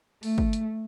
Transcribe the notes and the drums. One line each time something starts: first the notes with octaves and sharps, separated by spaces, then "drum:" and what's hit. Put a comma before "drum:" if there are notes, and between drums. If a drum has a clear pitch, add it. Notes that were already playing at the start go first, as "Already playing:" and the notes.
A3, drum: open hi-hat
drum: kick
drum: hi-hat